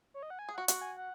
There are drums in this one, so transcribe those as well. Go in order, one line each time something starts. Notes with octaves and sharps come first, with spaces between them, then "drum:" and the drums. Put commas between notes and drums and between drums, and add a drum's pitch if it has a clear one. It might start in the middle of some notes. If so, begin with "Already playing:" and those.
C#5
D#5
F#5
G#5
G#4
F#4 F#5
F#4 F#5, drum: hi-hat
G#5
F#5